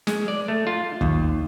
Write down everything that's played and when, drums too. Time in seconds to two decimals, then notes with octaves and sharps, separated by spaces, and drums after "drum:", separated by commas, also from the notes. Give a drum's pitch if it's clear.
0.07 G#3, drum: snare
0.28 D5
0.48 A3
0.67 F4
1.01 D#2, drum: kick